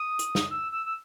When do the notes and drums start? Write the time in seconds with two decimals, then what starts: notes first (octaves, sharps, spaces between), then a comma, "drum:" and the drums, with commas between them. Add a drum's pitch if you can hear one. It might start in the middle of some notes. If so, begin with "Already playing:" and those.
Already playing: D#6
0.19 drum: hi-hat
0.35 drum: snare
0.51 E6
0.72 E6
0.86 E6